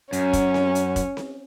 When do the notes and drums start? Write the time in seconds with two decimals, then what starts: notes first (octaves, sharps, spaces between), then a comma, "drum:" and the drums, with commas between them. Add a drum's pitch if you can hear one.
0.13 F#2 C#4, drum: hi-hat
0.33 drum: kick, hi-hat
0.54 drum: snare C4
0.75 drum: hi-hat
0.96 drum: kick, hi-hat
1.17 drum: snare C4